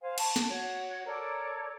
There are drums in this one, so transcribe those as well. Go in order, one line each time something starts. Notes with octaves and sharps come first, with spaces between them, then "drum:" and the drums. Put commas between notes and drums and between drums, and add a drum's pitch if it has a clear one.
C5 F5 G#5
A5 C#6, drum: cymbal
drum: snare
F#4 C#5
A4 A#4 C#5 D5